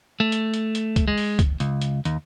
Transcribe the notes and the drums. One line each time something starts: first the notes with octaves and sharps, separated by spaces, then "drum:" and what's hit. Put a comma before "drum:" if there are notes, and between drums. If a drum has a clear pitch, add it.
A3
drum: hi-hat
drum: hi-hat
drum: hi-hat
drum: kick C#2, hi-hat
G#3
drum: open hi-hat
drum: kick C#2, hi-hat
C#2, drum: hi-hat
drum: hi-hat
D#2, drum: hi-hat